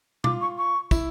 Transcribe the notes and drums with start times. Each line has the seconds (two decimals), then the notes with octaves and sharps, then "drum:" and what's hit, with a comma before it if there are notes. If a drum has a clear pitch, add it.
0.24 F4 D6, drum: tom B2
0.41 C#6
0.58 C#6
0.91 E4, drum: kick, tambourine